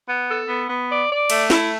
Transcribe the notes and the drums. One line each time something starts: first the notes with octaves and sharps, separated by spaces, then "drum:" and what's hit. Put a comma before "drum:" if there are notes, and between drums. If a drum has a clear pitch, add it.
B3
A4
B3
B3
D5
D5
A3, drum: cymbal
E4, drum: snare